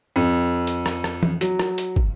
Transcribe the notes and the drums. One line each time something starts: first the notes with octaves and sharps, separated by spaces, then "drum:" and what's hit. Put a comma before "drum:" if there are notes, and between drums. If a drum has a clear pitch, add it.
F2
drum: hi-hat
drum: rim click
drum: rim click
drum: tom
F#3, drum: hi-hat
drum: rim click
drum: hi-hat
drum: kick